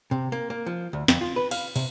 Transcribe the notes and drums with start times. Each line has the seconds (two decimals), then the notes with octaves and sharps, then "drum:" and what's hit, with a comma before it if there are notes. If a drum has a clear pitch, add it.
0.11 C3
0.32 A#3
0.50 A#3
0.66 F3
0.93 D2
1.08 F2, drum: snare
1.21 F4
1.36 B4
1.51 F5, drum: cymbal
1.76 C3, drum: cymbal